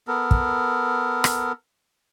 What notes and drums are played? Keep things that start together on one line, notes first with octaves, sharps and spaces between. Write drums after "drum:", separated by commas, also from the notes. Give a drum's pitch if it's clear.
B3 A4 A#4
drum: kick
drum: rim click